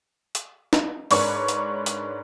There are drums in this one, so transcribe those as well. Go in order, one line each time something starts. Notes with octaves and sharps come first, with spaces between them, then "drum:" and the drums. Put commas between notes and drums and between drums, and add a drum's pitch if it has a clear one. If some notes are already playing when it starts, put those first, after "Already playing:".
drum: hi-hat
drum: snare
G#2 D4 A#4 B4 C#5 C#6, drum: open hi-hat
drum: hi-hat
drum: hi-hat